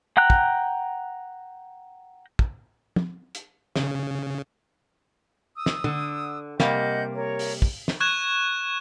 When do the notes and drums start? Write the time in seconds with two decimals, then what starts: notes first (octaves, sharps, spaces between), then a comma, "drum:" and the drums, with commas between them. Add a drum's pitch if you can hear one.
0.17 F#5 G5 A#5 F#6
0.30 drum: kick
2.39 drum: kick
2.96 drum: tom
3.35 drum: hi-hat
3.76 C#3, drum: snare
5.56 D#6 E6
5.66 drum: snare
5.84 D3, drum: tom
6.60 C3 G3 A#3 D#5 F#5 G6, drum: snare
7.15 A#4 C#5
7.39 drum: open hi-hat
7.62 drum: kick
7.88 drum: snare
8.00 C#6 F#6 G#6 E7